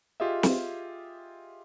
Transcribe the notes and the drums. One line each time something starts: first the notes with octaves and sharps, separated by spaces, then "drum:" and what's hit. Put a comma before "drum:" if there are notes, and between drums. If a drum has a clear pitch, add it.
F4 G4 G#4 D#5 E5
drum: snare